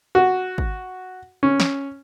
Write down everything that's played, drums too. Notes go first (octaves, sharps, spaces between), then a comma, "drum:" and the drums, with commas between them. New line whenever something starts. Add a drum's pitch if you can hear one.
F#4
drum: kick
C#4
drum: snare